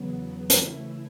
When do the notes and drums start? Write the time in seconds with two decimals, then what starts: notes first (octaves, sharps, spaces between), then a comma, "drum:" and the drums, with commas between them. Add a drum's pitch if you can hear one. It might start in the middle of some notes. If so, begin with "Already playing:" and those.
Already playing: E2 C#3 F#3 B3
0.50 C#3 E3 A3 E4, drum: hi-hat